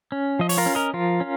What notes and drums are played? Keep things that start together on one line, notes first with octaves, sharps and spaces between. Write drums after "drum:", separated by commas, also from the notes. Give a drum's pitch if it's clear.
C#4
F3 D#5
C#5, drum: open hi-hat
F4 A#4
C#4
A#4 D#5
F3 F4 A#4
C#4